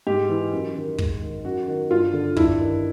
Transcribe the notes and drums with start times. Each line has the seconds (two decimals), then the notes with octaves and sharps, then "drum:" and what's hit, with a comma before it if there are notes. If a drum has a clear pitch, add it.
0.07 G#2 G4
0.29 E3
0.52 F#2
0.75 D#3
0.98 G#2, drum: kick
1.22 D#3
1.45 F#2 F#4
1.68 D#3
1.91 G2 F4
2.13 D3
2.36 G2 E4, drum: kick
2.60 D#3